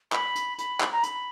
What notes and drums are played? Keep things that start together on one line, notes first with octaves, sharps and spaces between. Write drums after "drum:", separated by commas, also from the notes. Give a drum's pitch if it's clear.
B5, drum: clap
drum: hi-hat
B5, drum: hi-hat
drum: clap
A#5
B5, drum: hi-hat